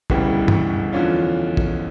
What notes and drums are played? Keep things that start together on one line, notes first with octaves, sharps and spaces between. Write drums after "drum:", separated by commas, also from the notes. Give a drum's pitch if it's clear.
E1 D2 C#3 E3 G3, drum: kick
drum: tom
E2 D3 F3 C#4 F4
drum: kick